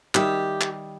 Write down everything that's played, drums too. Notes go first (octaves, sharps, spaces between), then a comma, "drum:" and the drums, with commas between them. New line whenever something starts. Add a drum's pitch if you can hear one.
D#3 G3 G4 E5, drum: clap
drum: clap